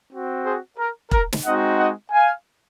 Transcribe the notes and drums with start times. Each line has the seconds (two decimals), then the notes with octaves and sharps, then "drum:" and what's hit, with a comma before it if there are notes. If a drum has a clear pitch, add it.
0.11 C4 F#4
0.45 G#4 C5
0.78 A#4
1.11 A#4, drum: kick E1
1.33 drum: snare
1.45 G#3 C4 D#4 F#4 D#5 F#5
1.78 D#5 F#5
2.12 F5 G#5